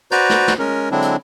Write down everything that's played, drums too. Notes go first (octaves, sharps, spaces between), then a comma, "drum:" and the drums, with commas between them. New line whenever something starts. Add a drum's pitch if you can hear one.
F#4 B4 C5 D5 A#5, drum: hi-hat
drum: snare
drum: snare
G#3 C#4 A#4
D3 F#3 G#3 C4 D4 E4
drum: hi-hat